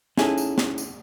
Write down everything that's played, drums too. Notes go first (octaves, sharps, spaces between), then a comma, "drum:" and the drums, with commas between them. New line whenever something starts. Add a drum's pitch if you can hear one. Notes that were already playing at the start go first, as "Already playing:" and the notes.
C#4 D#4 E4 G#4 A4, drum: snare
drum: tambourine
drum: snare
drum: tambourine